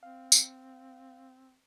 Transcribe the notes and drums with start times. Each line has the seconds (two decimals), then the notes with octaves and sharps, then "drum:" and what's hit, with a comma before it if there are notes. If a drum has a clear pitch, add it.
0.03 C4 F5
0.32 drum: tambourine